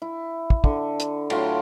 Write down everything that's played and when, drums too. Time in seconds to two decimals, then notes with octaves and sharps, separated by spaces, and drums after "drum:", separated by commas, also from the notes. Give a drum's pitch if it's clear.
0.02 E4
0.50 drum: kick
0.64 D3, drum: kick
1.00 drum: hi-hat
1.30 A2 F#3 F4 C6, drum: cymbal